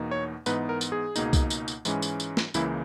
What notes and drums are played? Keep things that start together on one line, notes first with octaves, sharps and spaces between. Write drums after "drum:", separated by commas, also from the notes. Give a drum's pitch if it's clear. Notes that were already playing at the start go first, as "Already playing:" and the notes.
Already playing: E2 B2 A#3 D#4
C#5
G#2 E3 B3 D#4 B4, drum: tambourine
A#4
drum: tambourine
G#4
C#2 B2 A#3 D#4, drum: tambourine
drum: kick C2, tambourine
drum: tambourine
drum: tambourine
G#2 E3 G#3 C#4, drum: tambourine
drum: tambourine
drum: tambourine
drum: snare
C#2 C#3 E3 A#3 E4, drum: tambourine